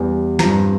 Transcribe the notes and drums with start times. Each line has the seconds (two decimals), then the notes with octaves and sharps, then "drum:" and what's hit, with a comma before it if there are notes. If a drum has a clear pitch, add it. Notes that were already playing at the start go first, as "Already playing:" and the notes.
Already playing: E2 E3 G3
0.39 G2 F3 C4 A#5, drum: snare